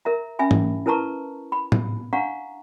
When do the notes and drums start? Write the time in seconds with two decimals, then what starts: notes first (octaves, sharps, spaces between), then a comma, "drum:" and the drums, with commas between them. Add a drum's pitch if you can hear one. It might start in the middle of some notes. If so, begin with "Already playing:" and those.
0.05 A#4 E5 A#5
0.39 C#4 E5 G#5 B5
0.51 drum: tom
0.86 E4 A#4 B4 A5 A#5 C#6
1.52 B5
1.72 drum: tom A2
2.13 D4 F5 F#5 A#5 C#6